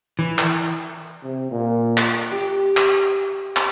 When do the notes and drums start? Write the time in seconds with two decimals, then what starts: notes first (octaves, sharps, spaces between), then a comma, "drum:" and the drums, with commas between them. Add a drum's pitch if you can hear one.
0.19 E3
0.39 drum: clap
1.23 C3
1.51 A#2
1.98 drum: clap
2.32 G4
2.77 drum: clap
3.56 drum: clap